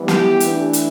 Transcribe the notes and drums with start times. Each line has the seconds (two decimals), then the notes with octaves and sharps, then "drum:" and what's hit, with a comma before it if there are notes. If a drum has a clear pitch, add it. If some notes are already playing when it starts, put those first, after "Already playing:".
Already playing: E3 G3 B3
0.08 G4, drum: snare
0.40 E3 A3 D4, drum: hi-hat
0.73 drum: hi-hat